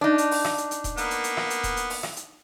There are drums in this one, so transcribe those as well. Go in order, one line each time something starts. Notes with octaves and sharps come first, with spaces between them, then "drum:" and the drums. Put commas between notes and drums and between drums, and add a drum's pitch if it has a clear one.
D4 D#4
drum: hi-hat
drum: open hi-hat
drum: rim click
drum: hi-hat
drum: hi-hat
drum: kick D#1, hi-hat
A#3 B3, drum: hi-hat
drum: hi-hat
drum: hi-hat
drum: rim click
drum: hi-hat
drum: kick D#1, hi-hat
drum: hi-hat
drum: open hi-hat
drum: rim click
drum: hi-hat